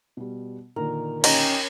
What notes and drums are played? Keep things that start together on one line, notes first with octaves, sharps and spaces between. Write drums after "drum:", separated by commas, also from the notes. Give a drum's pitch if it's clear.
B2 G3
A#2 D3 D#3 A#4
C#4 D#4 G4, drum: cymbal